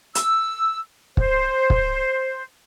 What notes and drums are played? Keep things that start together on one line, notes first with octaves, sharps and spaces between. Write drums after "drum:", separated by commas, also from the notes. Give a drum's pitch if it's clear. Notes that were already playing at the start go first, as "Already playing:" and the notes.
E6, drum: hi-hat
C5, drum: kick
drum: kick